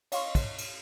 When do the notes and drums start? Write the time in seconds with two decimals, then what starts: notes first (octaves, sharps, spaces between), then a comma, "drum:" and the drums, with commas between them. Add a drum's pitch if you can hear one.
0.12 C#5 D#5 F5 C6 C#6, drum: cymbal
0.35 drum: kick, cymbal
0.58 drum: cymbal